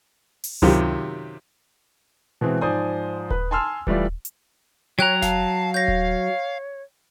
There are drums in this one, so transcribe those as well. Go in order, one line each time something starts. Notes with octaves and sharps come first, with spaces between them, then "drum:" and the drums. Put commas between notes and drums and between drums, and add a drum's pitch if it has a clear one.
drum: open hi-hat
F#2 C3 D#3 F4 G4, drum: tom C#2
B2 E3 G#3 C4
G#2 F3 C5 D5 G#5 D#6
B4, drum: kick D#1
G#5 A5 C6 E6 F6
E3 G3 A3 E4 F4 D5, drum: kick D#1
drum: hi-hat
F#3 C#5 G5 A#5 F#6
F5 A5, drum: snare F1
C#5 G6 A#6
drum: kick D#1